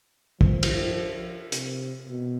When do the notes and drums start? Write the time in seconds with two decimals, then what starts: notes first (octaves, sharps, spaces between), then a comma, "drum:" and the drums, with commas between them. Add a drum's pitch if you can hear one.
0.41 F3, drum: kick
0.63 drum: cymbal
1.52 C3, drum: hi-hat
2.09 B2